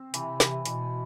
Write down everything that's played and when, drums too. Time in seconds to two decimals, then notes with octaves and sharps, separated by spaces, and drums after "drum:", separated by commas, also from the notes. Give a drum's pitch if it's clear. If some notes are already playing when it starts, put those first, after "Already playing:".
Already playing: C4
0.14 C3 E3, drum: hi-hat
0.40 E3, drum: snare
0.65 B2 E3, drum: hi-hat